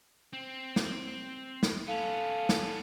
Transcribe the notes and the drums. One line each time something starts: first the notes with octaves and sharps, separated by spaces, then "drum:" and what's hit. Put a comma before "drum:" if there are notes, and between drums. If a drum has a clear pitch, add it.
C4
drum: snare
drum: snare
B3 C#4 A4 F5
drum: snare